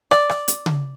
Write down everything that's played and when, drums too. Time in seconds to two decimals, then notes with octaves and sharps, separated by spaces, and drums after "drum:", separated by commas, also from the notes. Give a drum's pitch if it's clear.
0.11 D5, drum: rim click
0.29 drum: rim click
0.48 drum: hi-hat
0.66 drum: tom C#3